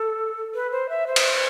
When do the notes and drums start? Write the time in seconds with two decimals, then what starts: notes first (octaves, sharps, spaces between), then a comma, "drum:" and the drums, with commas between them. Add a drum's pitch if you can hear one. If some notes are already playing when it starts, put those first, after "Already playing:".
Already playing: A4
0.55 B4
0.72 C5
0.89 E5
1.07 C5
1.16 drum: cymbal